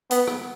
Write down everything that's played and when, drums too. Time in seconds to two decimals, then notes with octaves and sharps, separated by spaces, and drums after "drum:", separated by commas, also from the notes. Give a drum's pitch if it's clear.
0.11 B3, drum: hi-hat
0.27 drum: rim click